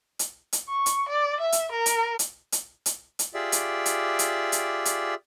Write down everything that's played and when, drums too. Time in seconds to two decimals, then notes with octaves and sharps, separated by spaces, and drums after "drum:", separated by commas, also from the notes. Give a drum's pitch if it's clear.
0.19 drum: hi-hat
0.53 drum: hi-hat
0.69 C#6
0.86 drum: hi-hat
1.09 D5
1.41 E5
1.52 drum: hi-hat
1.72 A#4
1.86 drum: hi-hat
2.19 drum: hi-hat
2.52 drum: hi-hat
2.86 drum: hi-hat
3.19 drum: hi-hat
3.34 F4 G4 G#4 D5 E5
3.52 drum: hi-hat
3.86 drum: hi-hat
4.19 drum: hi-hat
4.52 drum: hi-hat
4.85 drum: hi-hat